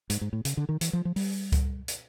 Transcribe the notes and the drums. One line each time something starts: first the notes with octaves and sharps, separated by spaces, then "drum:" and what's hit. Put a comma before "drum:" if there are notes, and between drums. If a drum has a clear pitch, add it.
G#2, drum: hi-hat
G#2
A2
C#3, drum: hi-hat
D3
D#3
E3, drum: hi-hat
F3
F3
G3, drum: open hi-hat
drum: kick C#2, hi-hat
drum: hi-hat